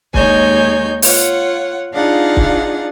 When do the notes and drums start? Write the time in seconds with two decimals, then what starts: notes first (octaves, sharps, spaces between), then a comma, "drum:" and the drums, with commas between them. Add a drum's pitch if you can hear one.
0.14 D#2 G#3 D#4 C#5 G#5 G6, drum: kick
1.02 F4 C#5 F#5, drum: open hi-hat
1.93 D4 D#4 F4 G#4 F5 F#5
2.37 drum: kick